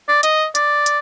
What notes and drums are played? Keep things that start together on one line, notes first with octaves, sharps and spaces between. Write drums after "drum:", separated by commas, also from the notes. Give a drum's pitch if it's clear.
D5
D#5, drum: hi-hat
D5, drum: hi-hat
drum: hi-hat